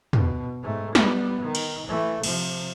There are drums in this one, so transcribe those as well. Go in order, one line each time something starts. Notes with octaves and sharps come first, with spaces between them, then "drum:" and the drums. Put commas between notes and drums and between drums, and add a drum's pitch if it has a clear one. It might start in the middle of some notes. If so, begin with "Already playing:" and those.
B2, drum: tom
G#2 A3
G3 B3, drum: snare
D#3
drum: cymbal
E3 A3
C3 F3, drum: cymbal